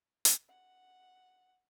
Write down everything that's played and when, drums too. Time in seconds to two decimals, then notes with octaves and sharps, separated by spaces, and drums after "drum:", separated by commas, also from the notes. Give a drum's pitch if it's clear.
0.25 drum: hi-hat
0.49 F#5